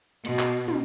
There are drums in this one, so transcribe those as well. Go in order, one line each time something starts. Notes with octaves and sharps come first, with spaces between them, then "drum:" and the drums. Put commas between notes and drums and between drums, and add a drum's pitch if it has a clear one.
B2, drum: cymbal
drum: clap
drum: tom